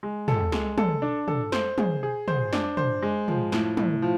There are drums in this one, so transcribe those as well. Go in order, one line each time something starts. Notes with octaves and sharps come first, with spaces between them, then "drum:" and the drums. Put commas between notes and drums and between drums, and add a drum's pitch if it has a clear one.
G#3
A4, drum: tom
G#3, drum: snare
A4, drum: tom
D4
A4, drum: tom
C5, drum: snare
G#4, drum: tom
G#4
C5, drum: tom
D4, drum: snare
C5, drum: tom
G#3
F3, drum: tom
A2, drum: snare
A2, drum: tom
F3